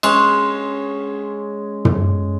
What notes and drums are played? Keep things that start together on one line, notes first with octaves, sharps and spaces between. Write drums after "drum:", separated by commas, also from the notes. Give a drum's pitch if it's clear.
G#3 C#4, drum: cymbal
drum: tom